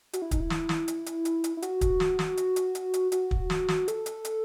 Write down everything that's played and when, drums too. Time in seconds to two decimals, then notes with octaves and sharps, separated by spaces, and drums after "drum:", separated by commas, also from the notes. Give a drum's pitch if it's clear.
0.13 F#4, drum: hi-hat
0.22 E4
0.31 D#4, drum: kick, hi-hat
0.40 E4
0.50 drum: snare
0.69 drum: snare
0.88 drum: hi-hat
1.06 drum: hi-hat
1.25 drum: hi-hat
1.44 drum: hi-hat
1.57 E4
1.62 F#4, drum: hi-hat
1.81 drum: kick, hi-hat
2.00 drum: snare
2.19 drum: snare
2.37 drum: hi-hat
2.56 drum: hi-hat
2.75 drum: hi-hat
2.94 drum: hi-hat
3.12 F#4, drum: hi-hat
3.31 drum: kick
3.50 drum: snare
3.68 drum: snare
3.88 A4, drum: hi-hat
4.06 drum: hi-hat
4.25 drum: hi-hat